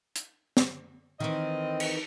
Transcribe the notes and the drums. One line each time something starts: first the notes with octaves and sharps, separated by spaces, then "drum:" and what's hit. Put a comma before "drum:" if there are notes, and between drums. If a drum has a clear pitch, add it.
drum: hi-hat
drum: snare
D#3 E3 C4 D#5
drum: cymbal